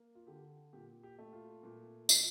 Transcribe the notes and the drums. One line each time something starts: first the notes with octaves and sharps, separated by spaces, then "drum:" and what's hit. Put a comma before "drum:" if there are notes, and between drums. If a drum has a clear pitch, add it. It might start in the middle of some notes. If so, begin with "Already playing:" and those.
Already playing: A#3
F4
D3 G4
A#2 G4
G4
A3
F4
A#2
F3, drum: tambourine